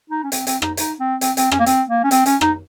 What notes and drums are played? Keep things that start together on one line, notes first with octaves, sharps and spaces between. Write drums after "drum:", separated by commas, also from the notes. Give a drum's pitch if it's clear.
D#4
C#4
C4, drum: hi-hat
C4, drum: hi-hat
D#4, drum: rim click
D#4, drum: hi-hat
C4
C4, drum: hi-hat
C4, drum: hi-hat
C#4, drum: rim click
A#3
C4, drum: hi-hat
A#3
C#4
C4, drum: hi-hat
C#4, drum: hi-hat
D#4, drum: rim click